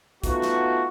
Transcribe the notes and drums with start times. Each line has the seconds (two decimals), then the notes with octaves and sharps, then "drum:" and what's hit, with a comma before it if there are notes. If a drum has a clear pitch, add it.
0.23 A3 B3 D#4 F4 F#4, drum: kick, hi-hat
0.42 drum: snare